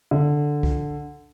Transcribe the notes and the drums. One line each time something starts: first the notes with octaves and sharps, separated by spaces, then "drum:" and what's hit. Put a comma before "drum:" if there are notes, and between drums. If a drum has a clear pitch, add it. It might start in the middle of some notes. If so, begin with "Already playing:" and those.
D3
drum: kick C2